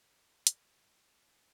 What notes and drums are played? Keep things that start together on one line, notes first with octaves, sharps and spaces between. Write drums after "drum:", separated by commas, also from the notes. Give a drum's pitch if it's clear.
G3 E4, drum: hi-hat